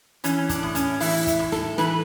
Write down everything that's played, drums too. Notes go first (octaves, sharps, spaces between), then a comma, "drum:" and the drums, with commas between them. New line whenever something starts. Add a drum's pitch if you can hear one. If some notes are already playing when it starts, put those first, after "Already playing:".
E3 C#4, drum: hi-hat
D4, drum: kick, hi-hat
A2
C#4, drum: hi-hat
E3 E4, drum: open hi-hat
drum: kick, hi-hat
A2
A4, drum: snare
E3 B4, drum: snare